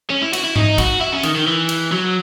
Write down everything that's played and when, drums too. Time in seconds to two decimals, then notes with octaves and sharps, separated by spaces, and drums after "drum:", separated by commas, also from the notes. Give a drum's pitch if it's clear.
0.10 C#4
0.22 E4
0.33 F#4, drum: cymbal
0.44 E4
0.56 D#4, drum: tom G#2
0.78 F#4, drum: kick, cymbal
1.01 E4
1.12 C#4
1.23 D#3, drum: cymbal
1.35 D#3
1.47 E3
1.69 drum: cymbal
1.92 F#3